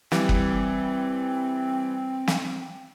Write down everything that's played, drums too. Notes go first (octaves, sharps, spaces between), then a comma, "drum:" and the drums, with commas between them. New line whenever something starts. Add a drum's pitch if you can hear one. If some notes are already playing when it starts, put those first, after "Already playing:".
E3 G3 C4, drum: snare
drum: kick F#1
drum: snare